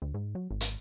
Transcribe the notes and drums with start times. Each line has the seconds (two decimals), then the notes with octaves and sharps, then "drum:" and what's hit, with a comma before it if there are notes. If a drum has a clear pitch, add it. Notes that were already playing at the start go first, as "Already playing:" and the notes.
0.02 D2
0.14 G#2
0.35 F#3
0.51 G#1
0.61 drum: hi-hat